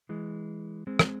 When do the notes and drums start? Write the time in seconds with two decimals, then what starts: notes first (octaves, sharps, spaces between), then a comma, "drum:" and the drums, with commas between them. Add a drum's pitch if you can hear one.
0.09 E3 G#3
0.87 G#3 C4
0.99 drum: rim click